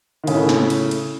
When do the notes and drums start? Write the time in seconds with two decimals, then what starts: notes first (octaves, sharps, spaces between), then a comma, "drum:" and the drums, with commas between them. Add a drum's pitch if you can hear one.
0.24 D#3
0.27 A2 C#3, drum: cymbal
0.49 drum: snare
0.70 drum: cymbal
0.91 drum: cymbal